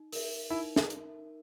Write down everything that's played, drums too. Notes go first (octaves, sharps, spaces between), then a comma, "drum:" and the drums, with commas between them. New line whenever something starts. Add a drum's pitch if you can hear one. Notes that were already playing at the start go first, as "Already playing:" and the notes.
Already playing: D#4
A#4 E5, drum: open hi-hat
D#4 E4
G#4, drum: snare
drum: hi-hat